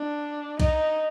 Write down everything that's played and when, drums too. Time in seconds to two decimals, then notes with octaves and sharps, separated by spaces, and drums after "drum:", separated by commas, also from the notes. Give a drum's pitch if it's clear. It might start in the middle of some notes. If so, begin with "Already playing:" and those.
Already playing: D4
0.60 D#4, drum: kick B1, cymbal